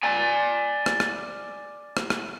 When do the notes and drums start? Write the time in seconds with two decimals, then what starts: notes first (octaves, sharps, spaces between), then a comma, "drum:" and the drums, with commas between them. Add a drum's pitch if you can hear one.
0.04 D5 G#5
0.86 drum: rim click
1.00 drum: rim click
1.97 drum: rim click
2.10 drum: rim click